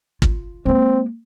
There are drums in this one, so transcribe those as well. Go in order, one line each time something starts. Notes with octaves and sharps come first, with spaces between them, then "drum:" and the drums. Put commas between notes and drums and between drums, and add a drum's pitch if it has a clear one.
F4, drum: kick
G#3 A#3 C4